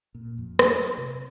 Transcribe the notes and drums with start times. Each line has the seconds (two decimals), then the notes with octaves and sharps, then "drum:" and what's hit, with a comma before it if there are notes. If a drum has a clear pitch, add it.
0.15 A#2
0.38 F2
0.59 F#3, drum: rim click
0.98 C3